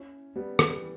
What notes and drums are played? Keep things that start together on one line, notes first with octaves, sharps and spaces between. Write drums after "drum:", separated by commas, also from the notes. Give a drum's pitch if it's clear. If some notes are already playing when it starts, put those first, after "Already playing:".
Already playing: C#4 E4
G3 B3
E3 G3, drum: rim click